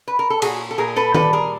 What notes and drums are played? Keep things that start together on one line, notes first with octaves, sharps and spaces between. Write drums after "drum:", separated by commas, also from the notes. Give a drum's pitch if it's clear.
B4
A#4
A4
A#2 F#4 G#4, drum: cymbal
A4
A#2 G#4 A#4
A4 B4
G3 A4 B4, drum: tom
G#4 A#4